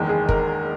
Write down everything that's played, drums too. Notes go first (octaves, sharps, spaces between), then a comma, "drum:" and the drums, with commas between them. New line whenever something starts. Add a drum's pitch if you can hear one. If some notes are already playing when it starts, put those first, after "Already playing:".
Already playing: F#1 E2 D#3 G#3
G#4
A#4, drum: kick